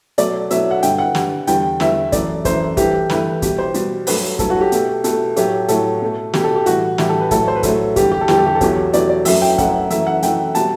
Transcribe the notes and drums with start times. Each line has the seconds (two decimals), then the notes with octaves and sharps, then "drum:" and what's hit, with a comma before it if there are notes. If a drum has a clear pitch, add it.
0.18 B2 F#3 A3 D5, drum: hi-hat
0.51 B2 F#3 A3 E5, drum: hi-hat
0.71 F#5
0.83 G2 D3 G3 G5, drum: hi-hat
0.99 F#5
1.15 G2 D3 G3, drum: snare
1.47 E2 D3 G3 G5, drum: hi-hat
1.80 E2 D3 G3 E5, drum: snare
2.12 F#2 E3 A3 D5, drum: kick, hi-hat
2.45 F#2 E3 A3 C5, drum: kick, hi-hat
2.77 G2 E3 A3 G4, drum: kick, hi-hat
3.10 G2 E3 A3 B4, drum: snare
3.42 B2 G3 G4, drum: kick, hi-hat
3.58 C5
3.74 B2 G3, drum: hi-hat
4.07 G2 F#3 A3 B4, drum: open hi-hat
4.39 G2 F#3 A3 A4, drum: kick, hi-hat
4.50 F#4
4.61 G4
4.72 B2 A3, drum: hi-hat
5.04 B2 A3 A4, drum: hi-hat
5.36 A2 F#3 A3 G4, drum: hi-hat
5.68 A2 F#3 A3 A4, drum: hi-hat
6.02 B2 A3
6.34 B2 A3 G4, drum: snare
6.44 A4
6.56 G4
6.66 A2 E3 G3 F#4, drum: hi-hat
6.98 A2 E3 G3 G4, drum: snare
7.09 A4
7.20 B4
7.31 A2 F#3 A3 A4, drum: kick, hi-hat
7.48 C5
7.56 B4
7.63 A2 F#3 A3 A4, drum: kick, hi-hat
7.96 E2 D3 G3 G4, drum: kick, hi-hat
8.12 G4
8.21 A4
8.28 E2 D3 G3 G4, drum: snare
8.38 A4
8.46 G4
8.55 A4
8.61 E2 B2 F#3 A3 G4, drum: kick, hi-hat
8.93 E2 B2 F#3 A3 D5, drum: hi-hat
9.09 D5
9.25 F#2 F#3 A3 E5, drum: open hi-hat
9.42 G5
9.58 F#2 F#3 A3 F#5, drum: kick, hi-hat
9.90 F#2 E3 A3 E5, drum: hi-hat
10.07 F#5
10.23 F#2 E3 A3 G5, drum: hi-hat
10.55 B2 G3 A5, drum: hi-hat